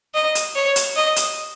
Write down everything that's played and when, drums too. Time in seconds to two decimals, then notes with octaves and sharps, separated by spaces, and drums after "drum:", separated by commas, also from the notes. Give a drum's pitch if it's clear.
0.14 D#5
0.35 drum: hi-hat
0.55 C#5
0.76 drum: hi-hat
0.96 D#5
1.16 drum: hi-hat